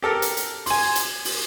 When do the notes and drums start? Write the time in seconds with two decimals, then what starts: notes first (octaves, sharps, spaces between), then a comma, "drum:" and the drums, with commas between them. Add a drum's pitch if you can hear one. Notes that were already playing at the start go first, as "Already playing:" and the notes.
0.02 G4 A4 A#4
0.22 drum: hi-hat
0.37 drum: hi-hat
0.66 G#5 C6, drum: open hi-hat
0.95 drum: hi-hat
1.25 drum: open hi-hat